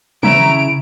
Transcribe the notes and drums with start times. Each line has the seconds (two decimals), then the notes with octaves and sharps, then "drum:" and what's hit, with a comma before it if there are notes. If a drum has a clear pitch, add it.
0.23 C#3 E4 E5 A#5 D7, drum: tom